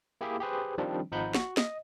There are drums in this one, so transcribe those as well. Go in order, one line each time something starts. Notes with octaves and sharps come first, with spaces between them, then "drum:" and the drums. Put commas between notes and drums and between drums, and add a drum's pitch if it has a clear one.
A#3 E4 G4 G#4 E5 G5
G4 G#4 B4 C5
D#3 F3 G3 C4 D4
G#1 F3 D#4 F#5 B5 G6
F#4, drum: snare
D#5, drum: snare